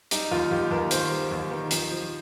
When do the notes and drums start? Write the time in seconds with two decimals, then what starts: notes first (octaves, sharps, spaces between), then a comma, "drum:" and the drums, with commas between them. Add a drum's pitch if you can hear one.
0.11 G3 D#4, drum: hi-hat
0.31 D#2 F4
0.51 D#2 G4
0.71 D#2 A#4
0.91 D#3 C5, drum: hi-hat
1.11 G3
1.31 D#2
1.51 D#3
1.71 F3, drum: hi-hat
1.91 F3